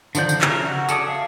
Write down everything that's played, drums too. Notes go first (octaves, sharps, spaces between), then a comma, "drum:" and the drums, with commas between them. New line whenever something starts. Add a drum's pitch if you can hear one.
D3 D#3 F3 D5 G6, drum: tambourine
drum: tambourine
C#3 A#4 E5, drum: clap
F#4
G#4 A4 D5 D#6, drum: tambourine
E5 F5